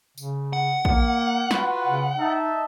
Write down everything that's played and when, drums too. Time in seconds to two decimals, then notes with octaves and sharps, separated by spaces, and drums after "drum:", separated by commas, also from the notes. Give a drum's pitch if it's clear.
0.18 C#3, drum: tambourine
0.53 F#5
0.85 A#3, drum: kick
1.51 F4 F#4 B4, drum: snare
1.87 C#3
2.18 D#4 D#5 E5 A5